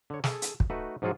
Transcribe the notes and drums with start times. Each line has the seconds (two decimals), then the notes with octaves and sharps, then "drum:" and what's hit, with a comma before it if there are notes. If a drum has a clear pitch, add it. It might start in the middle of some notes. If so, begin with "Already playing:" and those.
0.10 D3 C#5
0.24 G#4 A4, drum: snare
0.42 drum: hi-hat
0.60 drum: kick
0.70 A3 D#4 F#4 B4
1.02 G#2 F3 F#3 F4 F#4 G#4